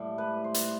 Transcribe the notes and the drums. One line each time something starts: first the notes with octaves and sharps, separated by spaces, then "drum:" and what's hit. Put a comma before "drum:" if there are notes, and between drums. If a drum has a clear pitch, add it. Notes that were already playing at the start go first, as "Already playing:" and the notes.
Already playing: A2 G3
B4
C5
drum: hi-hat